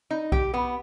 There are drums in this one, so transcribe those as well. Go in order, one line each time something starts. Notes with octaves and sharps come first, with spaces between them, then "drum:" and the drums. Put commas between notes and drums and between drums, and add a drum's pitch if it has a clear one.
D#4
G4, drum: kick B1
B3